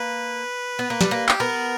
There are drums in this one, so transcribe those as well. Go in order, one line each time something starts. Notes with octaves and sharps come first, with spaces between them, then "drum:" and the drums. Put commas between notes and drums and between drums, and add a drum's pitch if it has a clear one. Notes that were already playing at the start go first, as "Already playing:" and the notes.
Already playing: A#3 B4
B3
A#3
G3, drum: snare
A#3
G4, drum: clap
B3 A#4